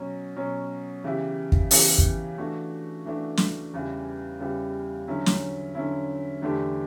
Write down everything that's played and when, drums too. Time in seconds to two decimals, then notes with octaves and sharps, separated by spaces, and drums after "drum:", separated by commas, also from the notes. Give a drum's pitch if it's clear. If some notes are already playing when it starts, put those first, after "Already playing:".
Already playing: B2 F#3 C#4
0.36 B2 F#3 C#4
1.04 C#3 E3 B3 E4 G4
1.52 drum: kick
1.71 C#3 E3 B3 E4 G4, drum: open hi-hat
1.98 drum: kick
2.38 E3 A3 D4 F#4
3.06 E3 A3 D4 F#4
3.37 drum: snare
3.74 E2 C#3 E3 G3
4.40 E2 C#3 E3 G3
5.07 D3 F#3 C#4 E4
5.26 drum: snare
5.75 D3 F#3 C#4 E4
6.42 E2 D3 A3 D4 G4